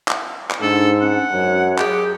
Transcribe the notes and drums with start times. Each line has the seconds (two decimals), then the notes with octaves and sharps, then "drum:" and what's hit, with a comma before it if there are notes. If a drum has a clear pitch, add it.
0.08 drum: clap
0.51 drum: clap
0.62 G#2 D4 A4
1.01 C#4 F#5
1.33 F#2 C#5
1.79 G4 G#4, drum: clap